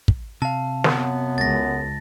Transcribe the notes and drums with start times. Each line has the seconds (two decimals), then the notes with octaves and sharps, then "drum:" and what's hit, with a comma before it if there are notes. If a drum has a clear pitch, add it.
0.08 drum: kick
0.42 C3 F5 A5
0.84 F#2 B3, drum: snare
1.38 C#2 A6 A#6